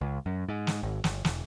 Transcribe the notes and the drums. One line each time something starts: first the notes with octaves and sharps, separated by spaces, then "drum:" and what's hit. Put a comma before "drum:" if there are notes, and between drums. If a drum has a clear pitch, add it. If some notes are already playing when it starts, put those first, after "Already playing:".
C#2
F#2
G#2
drum: snare
G#1
G1, drum: snare
E1, drum: snare